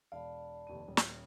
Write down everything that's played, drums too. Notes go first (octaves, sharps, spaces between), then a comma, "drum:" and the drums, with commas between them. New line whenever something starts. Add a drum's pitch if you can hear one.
E1 D5 F5 A5 B5
F1 D#2 D#7
D#1
drum: snare